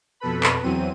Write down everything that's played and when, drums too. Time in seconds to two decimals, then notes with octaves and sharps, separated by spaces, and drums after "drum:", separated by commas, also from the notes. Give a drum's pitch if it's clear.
0.20 F2 B2 A4 B4 B5
0.43 drum: clap
0.62 E2 E3 F#3 C4 D#7